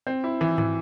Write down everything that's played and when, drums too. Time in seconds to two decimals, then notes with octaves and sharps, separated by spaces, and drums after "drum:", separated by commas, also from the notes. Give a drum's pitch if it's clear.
0.07 C4
0.24 E4
0.41 E3
0.58 E3, drum: tom G#2